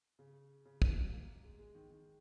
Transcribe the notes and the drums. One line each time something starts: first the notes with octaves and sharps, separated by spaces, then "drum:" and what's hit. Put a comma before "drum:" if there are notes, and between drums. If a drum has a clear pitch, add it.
C#3
C#3
F#3, drum: kick
A#3
G#3
G#3
D#3
D#3